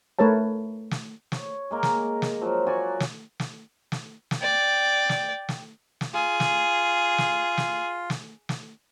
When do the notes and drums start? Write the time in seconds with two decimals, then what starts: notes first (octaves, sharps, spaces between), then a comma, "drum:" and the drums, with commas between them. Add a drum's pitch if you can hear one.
0.19 A3 A#4 B4 C#5 A5
0.91 drum: snare
1.32 C#5, drum: snare
1.71 G#3 A#3 A#4
1.83 drum: snare
2.22 drum: snare
2.41 F3 F#3
2.67 F#4 D5 G#5 C#6
3.00 drum: snare
3.40 drum: snare
3.92 drum: snare
4.31 drum: snare
4.40 D5 G5
5.09 drum: snare
5.49 drum: snare
6.01 drum: snare
6.14 F4 G#4
6.40 drum: snare
7.18 drum: snare
7.58 drum: snare
8.10 drum: snare
8.49 drum: snare